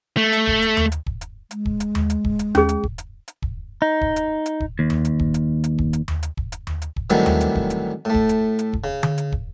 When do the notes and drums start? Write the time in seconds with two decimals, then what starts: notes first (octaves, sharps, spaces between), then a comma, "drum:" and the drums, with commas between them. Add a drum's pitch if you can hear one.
0.17 A3
0.33 drum: hi-hat
0.47 drum: kick
0.62 drum: hi-hat
0.77 drum: tom D#2
0.92 drum: hi-hat
1.06 drum: kick
1.21 drum: hi-hat
1.51 G#3, drum: hi-hat
1.65 drum: kick
1.80 drum: hi-hat
1.95 drum: tom D#2
2.10 drum: hi-hat
2.24 drum: kick
2.39 drum: hi-hat
2.55 C#4 G#4, drum: tom D#2
2.69 drum: hi-hat
2.83 drum: kick
2.98 drum: hi-hat
3.28 drum: hi-hat
3.42 drum: kick
3.82 D#4
4.01 drum: kick
4.16 drum: hi-hat
4.46 drum: hi-hat
4.60 drum: kick
4.79 D#2
4.90 drum: tom D#2
5.05 drum: hi-hat
5.19 drum: kick
5.34 drum: hi-hat
5.64 drum: hi-hat
5.78 drum: kick
5.93 drum: hi-hat
6.08 drum: tom D#2
6.23 drum: hi-hat
6.37 drum: kick
6.52 drum: hi-hat
6.67 drum: tom D#2
6.82 drum: hi-hat
6.96 drum: kick
7.10 A2 C3 D#3 E3 F#3 G3, drum: hi-hat
7.26 drum: tom D#2
7.41 drum: hi-hat
7.55 drum: kick
7.70 drum: hi-hat
8.05 A2 A3
8.14 drum: kick
8.29 drum: hi-hat
8.59 drum: hi-hat
8.73 drum: kick
8.84 C#3
9.03 drum: tom D3
9.18 drum: hi-hat
9.32 drum: kick